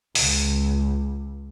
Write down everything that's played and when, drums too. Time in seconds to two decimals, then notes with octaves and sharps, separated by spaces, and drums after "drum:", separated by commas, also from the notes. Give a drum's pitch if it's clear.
0.15 C#2, drum: open hi-hat